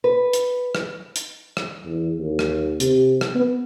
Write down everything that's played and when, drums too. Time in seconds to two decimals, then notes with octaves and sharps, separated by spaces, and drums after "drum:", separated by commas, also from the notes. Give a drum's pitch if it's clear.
0.04 B4
0.33 drum: hi-hat
0.75 drum: rim click
1.16 drum: hi-hat
1.57 drum: rim click
1.85 E2
2.19 D#2
2.39 drum: rim click
2.80 C3, drum: hi-hat
3.21 drum: rim click
3.35 B3